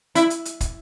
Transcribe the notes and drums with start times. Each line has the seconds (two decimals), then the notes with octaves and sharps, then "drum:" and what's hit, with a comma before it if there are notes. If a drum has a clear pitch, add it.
0.15 E4, drum: hi-hat
0.30 drum: hi-hat
0.45 drum: hi-hat
0.61 drum: kick, hi-hat